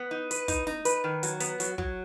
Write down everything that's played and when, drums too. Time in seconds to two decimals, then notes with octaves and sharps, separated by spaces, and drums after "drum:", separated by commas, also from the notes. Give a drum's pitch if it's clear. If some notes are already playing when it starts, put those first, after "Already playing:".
Already playing: B3
0.11 D#4
0.31 B4, drum: hi-hat
0.48 D#4, drum: kick, hi-hat
0.67 D#4, drum: snare
0.85 B4, drum: hi-hat
1.04 D#3
1.23 F#3, drum: hi-hat
1.40 B3, drum: hi-hat
1.60 F#3, drum: hi-hat
1.78 F#3, drum: kick